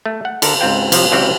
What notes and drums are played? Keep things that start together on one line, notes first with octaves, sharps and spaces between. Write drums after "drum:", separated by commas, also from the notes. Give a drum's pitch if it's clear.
A3
F#5
D3 A4 A#4, drum: cymbal
C#2 G#2 C4 F4 G5
F2 C3 F3 F#3, drum: cymbal
C#2 E3 F#3 C4 G4 F5